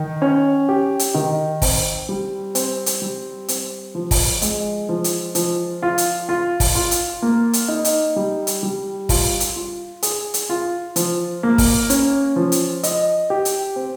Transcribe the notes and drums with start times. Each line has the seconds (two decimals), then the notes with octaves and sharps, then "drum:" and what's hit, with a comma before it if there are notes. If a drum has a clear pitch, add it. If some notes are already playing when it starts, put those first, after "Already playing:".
Already playing: D#3
0.22 C#4
0.69 G4
0.99 drum: hi-hat
1.14 D#3
1.62 C4, drum: kick, open hi-hat
2.09 G3
2.55 C4, drum: hi-hat
2.86 drum: hi-hat
3.02 G3
3.48 C4, drum: hi-hat
3.95 F3
4.11 drum: kick, open hi-hat
4.42 G#3, drum: hi-hat
4.89 F3
5.04 drum: hi-hat
5.35 F3, drum: hi-hat
5.83 F4
5.98 drum: hi-hat
6.29 F4
6.60 drum: kick, open hi-hat
6.75 F4
6.91 drum: hi-hat
7.22 A#3
7.53 drum: hi-hat
7.68 D#4
7.85 drum: hi-hat
8.16 G3
8.47 drum: hi-hat
8.63 G3
9.09 F4, drum: kick, open hi-hat
9.40 drum: hi-hat
9.56 F4
10.03 G#4, drum: hi-hat
10.34 drum: hi-hat
10.49 F4
10.96 F3, drum: hi-hat
11.43 A#3
11.58 drum: kick, open hi-hat
11.90 C#4, drum: hi-hat
12.36 F3
12.52 drum: hi-hat
12.83 D#5, drum: hi-hat
13.30 G4
13.45 drum: hi-hat
13.76 C4